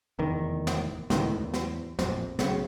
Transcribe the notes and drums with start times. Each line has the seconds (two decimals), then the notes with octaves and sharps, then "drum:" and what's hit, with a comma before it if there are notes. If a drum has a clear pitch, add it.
0.19 F1 E2 D#3
0.67 drum: snare
1.10 C#2 A2 D#3, drum: snare
1.35 E2
1.54 drum: snare
1.99 A#1 F2, drum: snare
2.39 B1 C#3, drum: snare